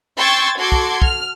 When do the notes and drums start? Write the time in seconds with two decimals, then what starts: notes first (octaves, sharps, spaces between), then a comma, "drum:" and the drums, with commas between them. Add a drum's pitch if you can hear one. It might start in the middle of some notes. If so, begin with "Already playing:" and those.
0.17 G5 C6 C#6 E6 G#6 A6
0.58 F#4 A4 C6 D6 G#6
0.72 drum: kick
1.02 F6, drum: kick